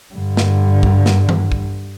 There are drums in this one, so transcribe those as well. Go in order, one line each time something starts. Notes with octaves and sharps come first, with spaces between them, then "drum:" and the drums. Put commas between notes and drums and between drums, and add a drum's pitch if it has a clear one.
G2 D3
drum: snare
drum: kick
drum: snare
drum: tom D#3
drum: kick